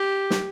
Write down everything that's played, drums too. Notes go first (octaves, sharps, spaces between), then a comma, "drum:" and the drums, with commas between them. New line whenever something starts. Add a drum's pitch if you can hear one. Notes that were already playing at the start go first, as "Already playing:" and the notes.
Already playing: G4
drum: snare